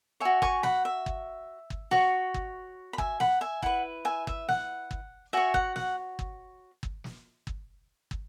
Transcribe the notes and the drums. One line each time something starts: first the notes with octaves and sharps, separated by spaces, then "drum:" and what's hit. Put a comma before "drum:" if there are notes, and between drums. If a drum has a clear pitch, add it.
F#4 C#5 E5 G#5
G#5 C#6, drum: kick
F#5 B5, drum: snare
E5
drum: kick
drum: kick
F#4 C#5, drum: snare
drum: kick
B5
E5 G#5, drum: kick
F#5 B5, drum: snare
E5 G#5
E4 B4 F#5, drum: kick
E5 G#5
E5, drum: kick
F#5, drum: snare
drum: kick
F#4 C#5 E5 G#5
F#5, drum: kick
F#5, drum: snare
drum: kick
drum: kick
drum: snare
drum: kick
drum: kick